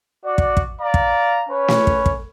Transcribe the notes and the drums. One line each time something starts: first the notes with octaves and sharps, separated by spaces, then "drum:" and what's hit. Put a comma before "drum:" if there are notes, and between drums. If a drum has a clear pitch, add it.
F#4 D5
drum: kick
drum: kick
D5 F5 A#5
drum: kick
C#4 B4 C#5
drum: snare
drum: kick
drum: kick